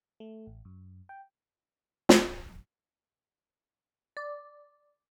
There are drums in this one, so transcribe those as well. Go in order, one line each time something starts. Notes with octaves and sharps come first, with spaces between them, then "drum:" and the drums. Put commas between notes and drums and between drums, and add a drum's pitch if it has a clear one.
A3
A1
F#2
G5
drum: snare
D5